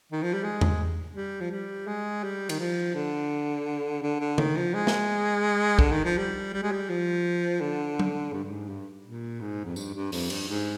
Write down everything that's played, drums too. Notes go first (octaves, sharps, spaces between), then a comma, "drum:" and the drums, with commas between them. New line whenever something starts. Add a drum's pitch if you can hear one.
D#3
F3
G3
G#3
drum: tom E2
G3
F3
G3
G#3
G3
D#3, drum: cymbal
F3
D3
D3
D3
D#3, drum: tom C#3
F3
G#3
drum: snare
D3, drum: kick
D#3
F3
G3
G3
G#3
G3
F3
D3
drum: tom F#3
G2
G2
G#2
G2
A#2
G#2
F2
G2, drum: tambourine
G2
F2, drum: open hi-hat
G2, drum: cymbal
G#2